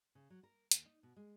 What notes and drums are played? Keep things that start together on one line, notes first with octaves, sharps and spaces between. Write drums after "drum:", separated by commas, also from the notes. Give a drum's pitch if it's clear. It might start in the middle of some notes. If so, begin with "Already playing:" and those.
C#3
F#3
A#4
D#2, drum: hi-hat
D#4
B2
G#3